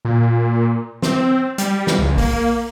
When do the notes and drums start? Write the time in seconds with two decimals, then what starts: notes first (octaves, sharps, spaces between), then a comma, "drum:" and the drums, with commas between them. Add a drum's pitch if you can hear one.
0.05 A#2
1.02 C4, drum: snare
1.58 G3, drum: hi-hat
1.87 drum: snare
1.98 C#2
2.18 A#3, drum: kick A#1, open hi-hat